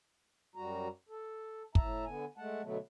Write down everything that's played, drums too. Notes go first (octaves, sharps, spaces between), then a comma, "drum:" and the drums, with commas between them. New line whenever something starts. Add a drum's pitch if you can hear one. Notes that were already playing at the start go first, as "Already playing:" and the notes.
F#2 G3 F#4 A#5
A4
A2 E5 A5 A#5, drum: kick
D3 B3 G#5
G#3 A3 F#5 A5
B2 D3 F#3 A3 B3